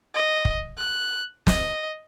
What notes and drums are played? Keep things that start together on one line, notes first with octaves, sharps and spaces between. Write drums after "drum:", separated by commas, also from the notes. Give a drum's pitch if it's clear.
D#5
drum: kick
F#6
D#5, drum: snare